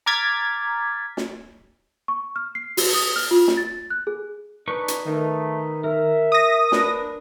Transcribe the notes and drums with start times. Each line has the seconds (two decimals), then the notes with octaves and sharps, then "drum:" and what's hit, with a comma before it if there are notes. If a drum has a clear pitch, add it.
0.06 A#5 D6 F6 G#6 A6 B6
1.17 drum: snare
2.08 C#6
2.36 F6
2.55 C7
2.77 F#4, drum: open hi-hat
2.94 D#6
3.16 F6
3.31 F4
3.48 drum: snare
3.57 A6
3.90 F#6
4.07 G#4
4.68 D4 D#4 B4 C#6
4.88 drum: hi-hat
5.06 D#3 A3
5.84 A#4 E5
6.32 D#6 A#6
6.72 D4 B4, drum: snare